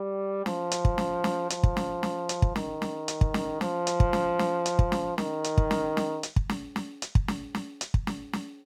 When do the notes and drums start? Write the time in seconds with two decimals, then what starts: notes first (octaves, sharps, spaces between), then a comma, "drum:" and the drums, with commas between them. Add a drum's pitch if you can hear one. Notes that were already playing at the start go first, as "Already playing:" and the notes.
Already playing: G3
0.46 F3, drum: snare
0.71 drum: hi-hat
0.85 drum: kick
0.98 drum: snare
1.24 drum: snare
1.50 F3, drum: hi-hat
1.63 drum: kick
1.77 drum: snare
2.03 drum: snare
2.29 drum: hi-hat
2.42 drum: kick
2.56 D#3, drum: snare
2.82 drum: snare
3.08 drum: hi-hat
3.21 drum: kick
3.34 drum: snare
3.61 F3, drum: snare
3.87 drum: hi-hat
4.00 drum: kick
4.13 drum: snare
4.39 drum: snare
4.66 drum: hi-hat
4.79 drum: kick
4.92 drum: snare
5.18 D#3, drum: snare
5.44 drum: hi-hat
5.58 drum: kick
5.71 drum: snare
5.97 drum: snare
6.23 drum: hi-hat
6.36 drum: kick
6.49 drum: snare
6.76 drum: snare
7.02 drum: hi-hat
7.15 drum: kick
7.28 drum: snare
7.55 drum: snare
7.81 drum: hi-hat
7.94 drum: kick
8.07 drum: snare
8.33 drum: snare